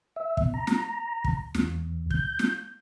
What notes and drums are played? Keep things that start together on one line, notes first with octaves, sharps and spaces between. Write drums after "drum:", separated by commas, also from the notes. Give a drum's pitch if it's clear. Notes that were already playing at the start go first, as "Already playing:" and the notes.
E5
B2, drum: kick
A#5
drum: snare
drum: kick
E2, drum: snare
G6, drum: kick
drum: snare